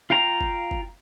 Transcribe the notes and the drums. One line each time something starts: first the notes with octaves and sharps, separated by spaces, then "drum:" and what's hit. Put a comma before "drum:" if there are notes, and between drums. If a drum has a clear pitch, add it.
F4 F5 G5 A#5
drum: kick F#1
drum: kick F#1